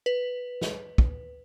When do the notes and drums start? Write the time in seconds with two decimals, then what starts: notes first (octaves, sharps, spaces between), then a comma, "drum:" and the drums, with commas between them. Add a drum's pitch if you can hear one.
0.06 B4
0.61 drum: snare
0.98 drum: kick